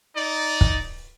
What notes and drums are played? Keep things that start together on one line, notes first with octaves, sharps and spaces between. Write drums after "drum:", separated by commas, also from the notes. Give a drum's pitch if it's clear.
D#4 D5
drum: kick